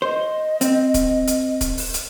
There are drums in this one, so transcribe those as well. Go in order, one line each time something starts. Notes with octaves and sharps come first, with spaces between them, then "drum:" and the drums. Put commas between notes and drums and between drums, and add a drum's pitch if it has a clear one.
C5 D#5
C4, drum: hi-hat
drum: kick, hi-hat
drum: hi-hat
drum: kick, hi-hat
drum: open hi-hat
drum: hi-hat